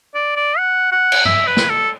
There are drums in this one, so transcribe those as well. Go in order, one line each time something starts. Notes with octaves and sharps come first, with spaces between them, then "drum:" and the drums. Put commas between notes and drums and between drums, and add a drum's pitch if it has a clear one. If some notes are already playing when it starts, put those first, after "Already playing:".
D5
D5
F#5
F#5
drum: cymbal
E5, drum: tom G2
B4
drum: snare
A4